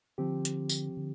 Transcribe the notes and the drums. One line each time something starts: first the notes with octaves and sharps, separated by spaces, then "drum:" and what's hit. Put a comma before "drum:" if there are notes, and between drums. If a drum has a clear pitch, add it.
D3 F3 C4 G4
drum: hi-hat
drum: tambourine
D3